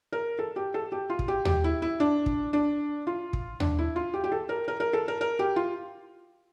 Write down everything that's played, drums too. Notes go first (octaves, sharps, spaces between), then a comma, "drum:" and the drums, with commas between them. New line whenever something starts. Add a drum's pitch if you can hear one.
A#4
A4
G4
A4
G4
F4
drum: kick
G4
G4, drum: tom D#2
E4
E4
D4
drum: kick
D4
F4
drum: kick
D4, drum: tom D#2
E4
F4
G4
G4
A4
A#4
A#4
A#4
A4
A#4
A#4
G4
F4